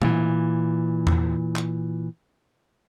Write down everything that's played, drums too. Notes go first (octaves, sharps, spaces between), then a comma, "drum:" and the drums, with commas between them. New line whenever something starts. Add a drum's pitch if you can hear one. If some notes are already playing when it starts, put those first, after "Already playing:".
A#2 E3, drum: tom B2
drum: tom E2
drum: clap